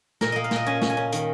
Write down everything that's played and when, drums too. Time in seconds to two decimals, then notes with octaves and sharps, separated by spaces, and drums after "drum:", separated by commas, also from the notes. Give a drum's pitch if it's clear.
0.21 A#2 A#4, drum: snare
0.32 A#3 D#5
0.44 F5
0.51 A#2 D#5, drum: snare
0.66 C#4 G#5
0.82 C#4, drum: snare
0.90 G#5
0.97 C#4
1.12 D#3, drum: hi-hat